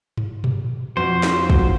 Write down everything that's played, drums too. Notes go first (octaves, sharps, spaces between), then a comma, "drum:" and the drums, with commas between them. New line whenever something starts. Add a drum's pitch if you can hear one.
drum: tom G2
drum: tom A#2
F2 F#4 C5
drum: snare
drum: kick